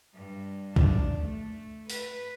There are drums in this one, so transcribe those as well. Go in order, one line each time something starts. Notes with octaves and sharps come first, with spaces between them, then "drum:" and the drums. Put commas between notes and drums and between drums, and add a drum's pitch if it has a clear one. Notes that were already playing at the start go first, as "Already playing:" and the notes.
G2
D4, drum: kick
A3
B4, drum: open hi-hat